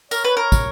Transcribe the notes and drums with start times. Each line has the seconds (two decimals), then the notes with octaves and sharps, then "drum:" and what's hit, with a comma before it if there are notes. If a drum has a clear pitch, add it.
0.11 A#4 C#5, drum: tambourine
0.24 B4
0.37 A#4
0.52 drum: kick, tambourine